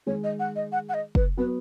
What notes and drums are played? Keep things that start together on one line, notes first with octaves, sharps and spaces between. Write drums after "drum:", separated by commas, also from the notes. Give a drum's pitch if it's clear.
D#3 G#3 C#5
D#5
F#5
D#5
F#5
F#5
D#5
B4, drum: kick
F#3 B3 B4